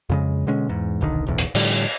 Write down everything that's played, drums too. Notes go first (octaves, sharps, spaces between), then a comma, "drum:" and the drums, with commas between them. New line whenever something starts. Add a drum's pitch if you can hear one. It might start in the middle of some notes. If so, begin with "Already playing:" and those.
F2 C#3 G#3
B2 D3 G#3 C#4
E2 G#2
D#1 B1 D3 D#3
D1 B1 E2
drum: hi-hat
A2 D3 F3 G3, drum: cymbal